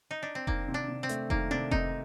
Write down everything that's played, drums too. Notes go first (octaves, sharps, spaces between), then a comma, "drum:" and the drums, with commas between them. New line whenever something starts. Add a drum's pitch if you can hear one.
D#4
D4
C4
D#3 A#3, drum: kick F1
C3
D4
C3
C4
A3, drum: hi-hat
D#3 A#3, drum: kick F1
C3 D4
C3 D#4, drum: kick F1